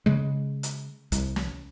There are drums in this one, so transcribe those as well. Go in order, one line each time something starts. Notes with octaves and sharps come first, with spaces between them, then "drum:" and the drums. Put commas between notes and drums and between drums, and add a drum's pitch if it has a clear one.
C#3 G#3
drum: hi-hat
C2, drum: hi-hat
drum: snare